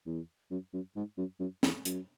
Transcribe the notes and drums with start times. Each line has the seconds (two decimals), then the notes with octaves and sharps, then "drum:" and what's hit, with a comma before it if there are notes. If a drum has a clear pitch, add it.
0.06 E2
0.51 F#2
0.73 F#2
0.96 G#2
1.18 F#2
1.40 F#2
1.63 E2, drum: snare
1.85 F#2, drum: hi-hat